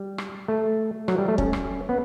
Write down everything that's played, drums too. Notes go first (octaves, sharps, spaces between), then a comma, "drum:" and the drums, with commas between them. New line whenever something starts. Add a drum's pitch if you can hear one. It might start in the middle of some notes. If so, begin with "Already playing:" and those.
Already playing: G3
drum: rim click
A3
F#3, drum: rim click
G3
A3
C#4, drum: kick
drum: rim click
B3